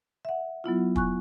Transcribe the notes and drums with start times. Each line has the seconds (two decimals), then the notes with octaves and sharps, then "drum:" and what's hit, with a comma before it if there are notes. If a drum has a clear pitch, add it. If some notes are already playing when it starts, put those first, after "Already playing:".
0.25 E5 F#5
0.64 F#3 B3 E4 F4
0.96 G#5 C#6 F#6, drum: kick